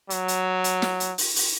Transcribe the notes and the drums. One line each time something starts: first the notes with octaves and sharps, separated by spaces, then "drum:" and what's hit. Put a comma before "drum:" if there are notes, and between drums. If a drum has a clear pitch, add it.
F#3, drum: hi-hat
drum: hi-hat
drum: hi-hat
drum: snare
drum: hi-hat
drum: open hi-hat
drum: open hi-hat